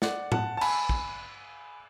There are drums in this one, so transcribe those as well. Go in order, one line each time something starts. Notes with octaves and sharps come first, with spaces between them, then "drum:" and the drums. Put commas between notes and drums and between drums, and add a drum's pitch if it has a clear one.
D5 F#5, drum: snare
F#5 A5, drum: tom A2
A5
G#5 B5, drum: cymbal
drum: kick